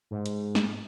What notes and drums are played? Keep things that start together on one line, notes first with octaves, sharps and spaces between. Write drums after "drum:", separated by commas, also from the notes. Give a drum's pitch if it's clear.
G#2
drum: hi-hat
drum: snare